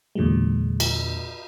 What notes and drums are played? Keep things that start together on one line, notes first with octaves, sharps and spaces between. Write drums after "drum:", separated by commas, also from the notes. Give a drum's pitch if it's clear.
E2 A#2 D3 F#3 G#3
drum: cymbal